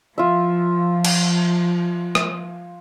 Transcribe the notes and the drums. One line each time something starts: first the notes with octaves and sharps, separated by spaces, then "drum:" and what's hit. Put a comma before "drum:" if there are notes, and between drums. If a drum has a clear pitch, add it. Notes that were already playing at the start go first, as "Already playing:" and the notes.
F3 F4 E5
drum: cymbal
drum: rim click